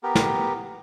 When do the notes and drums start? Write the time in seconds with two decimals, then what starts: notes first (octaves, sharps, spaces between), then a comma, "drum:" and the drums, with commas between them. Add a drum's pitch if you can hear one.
0.03 B3 G4 A#4
0.15 drum: snare